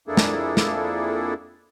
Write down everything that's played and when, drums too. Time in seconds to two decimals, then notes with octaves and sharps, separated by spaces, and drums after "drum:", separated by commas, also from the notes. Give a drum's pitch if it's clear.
0.08 F2 A#3 D4 E4 G#4 A4
0.17 drum: snare
0.57 drum: snare